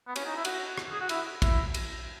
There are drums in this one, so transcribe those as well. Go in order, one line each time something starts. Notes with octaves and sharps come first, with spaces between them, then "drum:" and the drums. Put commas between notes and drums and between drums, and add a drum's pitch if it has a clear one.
B3
C#4, drum: cymbal
D#4
E4
F#4, drum: cymbal
drum: rim click
G#4
F#4
E4, drum: cymbal
E4, drum: kick, cymbal
drum: cymbal